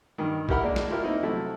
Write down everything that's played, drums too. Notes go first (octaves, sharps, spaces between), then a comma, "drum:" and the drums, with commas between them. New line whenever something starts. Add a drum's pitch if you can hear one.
G2 D#3
E4 G4 A#4 F#5 B5, drum: kick A#1
G#3 A#3 D4 D5
drum: snare
E4 F4 G4 A#4
A#3 C4 D#4 E4
C3 F3 F#3 A3 E4